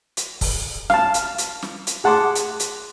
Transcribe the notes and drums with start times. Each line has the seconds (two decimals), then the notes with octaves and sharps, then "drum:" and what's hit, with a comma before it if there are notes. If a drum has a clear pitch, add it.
0.17 drum: hi-hat
0.41 drum: kick, open hi-hat
0.90 F5 A5, drum: snare
1.14 drum: hi-hat
1.38 drum: hi-hat
1.62 drum: snare
1.87 drum: hi-hat
2.04 G#4 F#5 A5 C6 D6
2.35 drum: hi-hat
2.60 drum: hi-hat